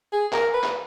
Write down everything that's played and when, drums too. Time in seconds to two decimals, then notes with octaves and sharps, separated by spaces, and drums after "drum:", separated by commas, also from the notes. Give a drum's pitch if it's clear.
0.12 G#4
0.33 A#4, drum: clap
0.54 B4
0.64 drum: clap